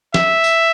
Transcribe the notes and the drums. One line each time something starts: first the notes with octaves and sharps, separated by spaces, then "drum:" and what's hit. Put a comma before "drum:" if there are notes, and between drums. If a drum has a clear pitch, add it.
E5, drum: snare
drum: tambourine